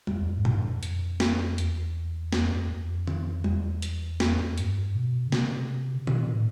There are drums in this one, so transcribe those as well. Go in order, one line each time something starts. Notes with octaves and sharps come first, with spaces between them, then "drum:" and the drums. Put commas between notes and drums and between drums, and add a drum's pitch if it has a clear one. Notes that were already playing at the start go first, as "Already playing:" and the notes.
F2, drum: tom
E2
F#2
G#2
G2, drum: tom A#2
F#2
F2
drum: hi-hat
drum: snare
E2, drum: hi-hat
F2, drum: snare
F2
F2
drum: tom
E2, drum: tom
drum: hi-hat
F2, drum: snare
F2
G2, drum: hi-hat
B2
C#3
C3, drum: snare
C3
B2, drum: tom
A#2
A2